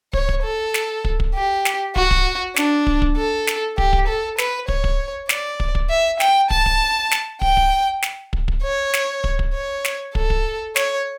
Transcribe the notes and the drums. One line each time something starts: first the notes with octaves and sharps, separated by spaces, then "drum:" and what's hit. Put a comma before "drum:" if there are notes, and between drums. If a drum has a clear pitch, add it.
C#5, drum: kick
drum: kick
A4
drum: snare
drum: kick
drum: kick
G4
drum: snare
F#4, drum: kick
drum: kick
D4, drum: snare
drum: kick
drum: kick
A4
drum: snare
G4, drum: kick
drum: kick
A4
B4, drum: snare
C#5, drum: kick
drum: kick
D5, drum: snare
drum: kick
drum: kick
E5
G5, drum: snare
A5, drum: kick
drum: kick
drum: snare
G5, drum: kick
drum: kick
drum: snare
drum: kick
drum: kick
C#5
drum: snare
drum: kick
drum: kick
C#5
drum: snare
A4, drum: kick
drum: kick
C#5, drum: snare